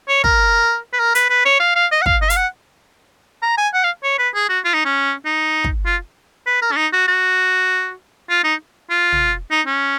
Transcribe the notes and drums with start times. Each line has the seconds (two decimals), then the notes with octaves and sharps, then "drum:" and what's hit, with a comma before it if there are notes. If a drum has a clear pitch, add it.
0.08 C#5
0.24 A#4, drum: kick
0.93 B4
1.00 A#4
1.15 B4, drum: hi-hat
1.30 B4
1.45 C#5
1.60 F5
1.76 F5
1.91 D#5
2.02 F#5
2.06 F5, drum: kick
2.22 D#5
2.30 F5, drum: hi-hat
2.36 F#5
3.42 A#5
3.58 G#5
3.74 F#5
3.83 F5
4.03 C#5
4.18 B4
4.35 G#4
4.49 F#4
4.65 F4
4.74 D#4
4.85 C#4
5.25 D#4
5.64 drum: kick
5.85 F4
6.46 B4
6.62 A#4
6.72 C#4
6.77 D#4
6.93 F#4
7.08 F#4
8.29 F4
8.44 D#4
8.90 F4
9.12 drum: tom
9.51 D#4
9.66 C#4